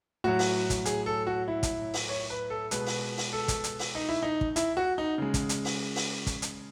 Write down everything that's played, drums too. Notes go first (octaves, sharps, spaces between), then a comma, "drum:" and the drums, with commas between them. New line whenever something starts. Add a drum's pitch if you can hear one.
A2 F#3 F#4
drum: open hi-hat
drum: kick, hi-hat
G#4, drum: hi-hat
A4
F#4
E4
drum: kick, hi-hat
drum: open hi-hat
C#5
B4
A4
B2 G#3 B4, drum: hi-hat
drum: open hi-hat
drum: open hi-hat
A4
drum: kick, hi-hat
drum: hi-hat
drum: open hi-hat
D#4
E4
D#4
drum: kick
E4, drum: hi-hat
F#4
D#4
C#3 G#3
drum: kick, hi-hat
drum: hi-hat
drum: open hi-hat
drum: open hi-hat
drum: kick, hi-hat
drum: hi-hat